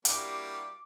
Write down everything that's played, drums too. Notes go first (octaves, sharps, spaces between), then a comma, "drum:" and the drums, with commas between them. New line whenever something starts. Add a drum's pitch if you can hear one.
G3 A#3 D4 E4 F#4 G4 F#5 D6, drum: hi-hat